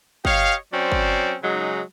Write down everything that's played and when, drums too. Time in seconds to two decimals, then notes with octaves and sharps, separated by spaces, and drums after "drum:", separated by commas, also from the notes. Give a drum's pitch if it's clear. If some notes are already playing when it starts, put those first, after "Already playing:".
0.25 G4 C#5 D#5 F5, drum: kick
0.73 F#3 C4 C#4 C5 D5
0.92 drum: kick
1.43 C#3 F#3 G#3 D#4